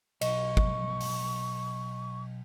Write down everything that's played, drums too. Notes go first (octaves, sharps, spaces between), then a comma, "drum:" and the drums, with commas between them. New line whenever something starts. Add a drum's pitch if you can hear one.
B1 D#5 C#6, drum: cymbal
drum: kick
drum: open hi-hat